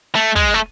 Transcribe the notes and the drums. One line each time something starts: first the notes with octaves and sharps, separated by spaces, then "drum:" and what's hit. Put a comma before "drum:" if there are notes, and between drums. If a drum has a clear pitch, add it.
A3
G#3, drum: kick
A3